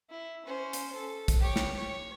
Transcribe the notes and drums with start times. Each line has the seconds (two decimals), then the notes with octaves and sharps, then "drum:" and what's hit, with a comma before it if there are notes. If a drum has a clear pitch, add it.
0.10 E4
0.46 C#4 C5
0.73 drum: hi-hat
0.95 A4
1.28 drum: kick, hi-hat
1.40 G4 C#5
1.56 drum: snare
1.77 C#5